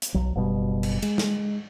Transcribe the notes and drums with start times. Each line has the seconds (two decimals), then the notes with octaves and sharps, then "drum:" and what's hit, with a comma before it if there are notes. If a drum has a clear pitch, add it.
0.02 drum: hi-hat
0.14 B1 F#3
0.35 F#1 B2 G3
0.83 drum: cymbal
1.02 G#3, drum: cymbal
1.18 drum: snare